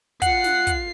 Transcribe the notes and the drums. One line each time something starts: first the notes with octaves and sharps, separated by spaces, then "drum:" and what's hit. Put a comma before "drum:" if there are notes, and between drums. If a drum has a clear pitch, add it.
F4 F#5 C7, drum: kick, hi-hat
drum: snare
drum: kick, hi-hat